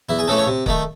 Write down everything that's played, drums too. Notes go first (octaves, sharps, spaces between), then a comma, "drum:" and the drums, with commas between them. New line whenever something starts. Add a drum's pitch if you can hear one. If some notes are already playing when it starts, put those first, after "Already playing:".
E2 E4
G#4
C#3 E3 A3 A4
C#5
C3
D#3 A3, drum: kick